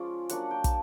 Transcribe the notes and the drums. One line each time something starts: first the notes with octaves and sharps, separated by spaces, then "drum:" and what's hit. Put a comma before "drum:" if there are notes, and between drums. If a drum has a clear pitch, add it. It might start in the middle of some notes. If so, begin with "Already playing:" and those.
Already playing: F3 G#3 C#4 F4 D5
F#3 A#3 D4 F#5, drum: hi-hat
G5
A5, drum: kick, hi-hat